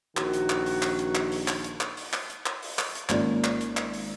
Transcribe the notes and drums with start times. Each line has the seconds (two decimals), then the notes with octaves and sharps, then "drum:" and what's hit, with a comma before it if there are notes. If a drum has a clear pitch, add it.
0.17 A#1 D#3 F#4, drum: clap
0.33 drum: hi-hat
0.50 drum: clap
0.66 drum: open hi-hat
0.82 drum: clap
0.99 drum: hi-hat
1.15 drum: clap
1.31 drum: open hi-hat
1.48 drum: clap
1.64 drum: hi-hat
1.81 drum: clap
1.97 drum: open hi-hat
2.13 drum: clap
2.30 drum: hi-hat
2.46 drum: clap
2.62 drum: open hi-hat
2.79 drum: clap
2.95 drum: hi-hat
3.09 G#1 A#3 C#4 F4 D5, drum: clap
3.44 drum: clap
3.61 drum: hi-hat
3.77 drum: clap
3.93 drum: open hi-hat